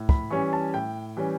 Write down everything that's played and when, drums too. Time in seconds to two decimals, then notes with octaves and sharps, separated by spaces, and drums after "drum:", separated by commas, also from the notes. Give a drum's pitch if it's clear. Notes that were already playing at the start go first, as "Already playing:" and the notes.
Already playing: A2
0.09 B5, drum: kick
0.30 E3 G3 C#4 C#6
0.53 A5
0.74 A2 G5
1.17 E3 G3 C#4